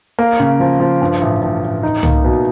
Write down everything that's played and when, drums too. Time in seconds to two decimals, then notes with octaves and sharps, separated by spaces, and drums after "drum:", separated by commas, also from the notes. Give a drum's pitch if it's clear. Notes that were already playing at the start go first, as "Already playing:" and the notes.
0.19 A#3
0.40 C#3
0.60 F3
0.80 F3
1.02 G2
1.21 A1
1.42 A1
1.63 A1
1.83 D#4
2.03 A#3, drum: tom
2.24 B2